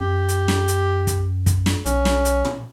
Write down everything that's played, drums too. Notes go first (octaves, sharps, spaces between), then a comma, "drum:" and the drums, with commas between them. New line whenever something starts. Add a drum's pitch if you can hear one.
F#2 G4
drum: hi-hat
drum: snare
drum: hi-hat
drum: kick, hi-hat
drum: kick, hi-hat
drum: snare
B1 C#4, drum: hi-hat
drum: snare
drum: hi-hat
drum: tom